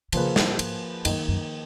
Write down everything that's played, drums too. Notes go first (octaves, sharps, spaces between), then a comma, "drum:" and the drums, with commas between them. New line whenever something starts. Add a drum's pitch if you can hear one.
C#3 F3 A#3 F4 G#4 B4, drum: cymbal
drum: snare
G#2, drum: cymbal
F#2 D#3 A#3 D#4 A#4 D#5, drum: cymbal
F#2